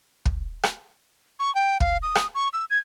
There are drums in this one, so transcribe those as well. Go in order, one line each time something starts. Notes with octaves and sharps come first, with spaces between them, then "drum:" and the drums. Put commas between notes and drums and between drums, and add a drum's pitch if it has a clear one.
drum: kick
drum: rim click
C#6
G5
F5, drum: kick
D#6
drum: rim click
C#6
E6
G#6